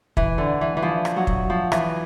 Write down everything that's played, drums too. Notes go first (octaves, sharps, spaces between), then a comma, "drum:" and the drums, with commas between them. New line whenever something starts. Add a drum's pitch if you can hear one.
E3, drum: kick
D3
E3
E3
F3
drum: rim click
F#3
drum: kick
F3
E3, drum: rim click